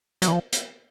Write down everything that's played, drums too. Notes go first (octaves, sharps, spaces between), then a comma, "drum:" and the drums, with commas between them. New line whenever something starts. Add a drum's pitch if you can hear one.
F#3, drum: hi-hat
E3
F3
drum: hi-hat